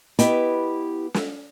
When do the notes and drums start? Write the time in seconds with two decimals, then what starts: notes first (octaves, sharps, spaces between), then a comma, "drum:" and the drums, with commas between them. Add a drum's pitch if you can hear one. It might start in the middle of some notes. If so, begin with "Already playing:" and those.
0.19 B3 E4 G4 B4 D#5 G5, drum: hi-hat
1.14 drum: snare